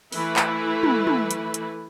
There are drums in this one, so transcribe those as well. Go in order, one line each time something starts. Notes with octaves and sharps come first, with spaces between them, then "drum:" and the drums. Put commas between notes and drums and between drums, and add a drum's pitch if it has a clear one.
E3 A3 E4 B4, drum: open hi-hat
drum: clap
drum: tom
drum: tom
drum: hi-hat
drum: hi-hat